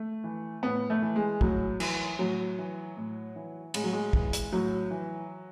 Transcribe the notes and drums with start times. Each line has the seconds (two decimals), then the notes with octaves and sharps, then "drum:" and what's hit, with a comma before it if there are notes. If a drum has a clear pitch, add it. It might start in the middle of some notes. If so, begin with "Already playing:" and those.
Already playing: A3
0.24 E3
0.63 A2 B3
0.90 A3
1.02 E3
1.16 G#3
1.41 A2 F#3, drum: kick
1.80 E3, drum: cymbal
2.19 A2 F#3
2.59 E3
2.97 A2
3.36 E3
3.74 A2 G#3, drum: cymbal
3.84 F#3
3.93 G#3
4.13 E3, drum: kick
4.33 drum: hi-hat
4.52 A2 F#3
4.91 E3